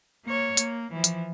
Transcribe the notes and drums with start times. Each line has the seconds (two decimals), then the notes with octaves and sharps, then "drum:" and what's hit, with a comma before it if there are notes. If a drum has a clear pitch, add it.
0.25 A#3 C#5
0.57 A#3, drum: hi-hat
0.93 E3 F3
1.04 drum: hi-hat